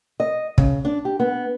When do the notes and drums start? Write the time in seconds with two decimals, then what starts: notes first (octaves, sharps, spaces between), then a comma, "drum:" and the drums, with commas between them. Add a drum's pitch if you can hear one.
0.20 D#5
0.58 C#3, drum: kick
0.85 D4
1.05 G4
1.20 B3